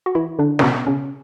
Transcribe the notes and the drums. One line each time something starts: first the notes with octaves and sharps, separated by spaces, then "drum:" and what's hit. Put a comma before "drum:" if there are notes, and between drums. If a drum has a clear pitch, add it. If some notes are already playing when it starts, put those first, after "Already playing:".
F#4
E3 E4
D3 D4
C#4, drum: snare
B2 B3
C#3 C#4